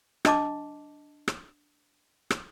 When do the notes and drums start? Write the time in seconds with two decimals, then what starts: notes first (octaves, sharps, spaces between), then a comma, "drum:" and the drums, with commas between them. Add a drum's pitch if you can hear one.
0.25 D4 D#5 A5 D6, drum: rim click
1.28 drum: rim click
2.30 drum: rim click